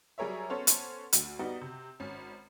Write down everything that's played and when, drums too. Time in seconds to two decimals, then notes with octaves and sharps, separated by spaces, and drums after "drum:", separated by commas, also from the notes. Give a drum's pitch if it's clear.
0.18 F#3 G3 G#4 A#4 C#5 E5
0.50 B3 C#4 A4 C5 C#5 F#5
0.67 drum: hi-hat
1.13 D2, drum: hi-hat
1.39 G3 B3 D#4 F#4 D#5
1.61 C3
2.00 G#1 C#4